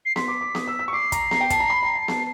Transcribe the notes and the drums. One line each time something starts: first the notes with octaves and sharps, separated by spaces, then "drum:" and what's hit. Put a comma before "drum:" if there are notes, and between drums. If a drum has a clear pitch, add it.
C7
C6 B6, drum: snare B3
D6
D6
D#6, drum: snare B3
E6
E6
C#6
D6 C7
A#5, drum: kick, hi-hat
A#5, drum: snare B3
G5
A5, drum: kick, hi-hat
A#5
B5
A#5
A5
A5, drum: snare B3